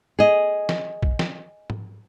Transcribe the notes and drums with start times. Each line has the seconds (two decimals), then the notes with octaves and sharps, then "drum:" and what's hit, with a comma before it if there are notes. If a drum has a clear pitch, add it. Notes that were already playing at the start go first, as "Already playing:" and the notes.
0.19 G#4 D#5
0.69 drum: snare
1.03 drum: kick A#1
1.19 drum: snare
1.70 drum: tom